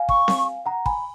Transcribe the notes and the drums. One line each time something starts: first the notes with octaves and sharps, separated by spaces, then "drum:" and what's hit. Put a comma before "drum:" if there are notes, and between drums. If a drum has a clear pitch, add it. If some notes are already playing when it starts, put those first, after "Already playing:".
Already playing: F5 G#5
C#6, drum: kick
drum: snare C4
F#5 A#5
G#5 B5, drum: kick